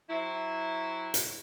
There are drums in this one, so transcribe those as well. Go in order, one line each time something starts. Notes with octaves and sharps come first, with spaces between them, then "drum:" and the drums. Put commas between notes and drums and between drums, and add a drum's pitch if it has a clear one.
F#3 C4 E4
drum: hi-hat